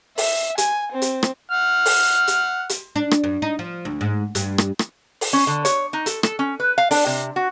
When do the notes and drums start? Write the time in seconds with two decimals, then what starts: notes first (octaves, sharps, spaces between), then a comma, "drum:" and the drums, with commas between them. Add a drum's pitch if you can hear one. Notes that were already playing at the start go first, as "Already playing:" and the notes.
0.18 E5, drum: open hi-hat
0.58 G#5, drum: hi-hat
0.92 C4
1.02 drum: hi-hat
1.23 drum: rim click
1.51 F#5 F6
1.86 drum: open hi-hat
2.27 drum: hi-hat
2.69 drum: hi-hat
2.96 D4
3.11 drum: rim click
3.24 F#2
3.42 D#4
3.59 F3
3.85 D2
4.01 G#2
4.35 G2, drum: hi-hat
4.58 drum: rim click
4.79 drum: rim click
5.21 drum: open hi-hat
5.33 C#4
5.47 D3
5.65 C#5, drum: hi-hat
5.93 D#4
6.06 A4, drum: hi-hat
6.23 A4, drum: rim click
6.39 C#4
6.60 B4
6.78 F5
6.91 D4, drum: open hi-hat
7.06 C3
7.36 F#4